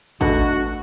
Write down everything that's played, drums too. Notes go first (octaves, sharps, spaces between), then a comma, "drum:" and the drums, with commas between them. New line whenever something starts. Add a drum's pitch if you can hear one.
B2 A3 D4 F#4, drum: kick G#1